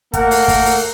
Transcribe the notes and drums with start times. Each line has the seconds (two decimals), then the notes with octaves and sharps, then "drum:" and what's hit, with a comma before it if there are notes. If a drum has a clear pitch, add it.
0.14 A3 A#3 A#4 F#5, drum: kick, hi-hat
0.31 drum: open hi-hat
0.48 drum: kick, open hi-hat
0.65 drum: open hi-hat